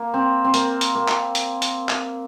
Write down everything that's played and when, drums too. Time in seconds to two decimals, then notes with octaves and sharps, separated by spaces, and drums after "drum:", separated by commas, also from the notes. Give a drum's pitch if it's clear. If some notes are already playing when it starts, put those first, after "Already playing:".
Already playing: A#3
0.14 C4
0.44 C4
0.54 A#3, drum: hi-hat
0.81 drum: hi-hat
0.95 A#3
1.08 drum: clap
1.35 drum: hi-hat
1.62 drum: hi-hat
1.89 drum: clap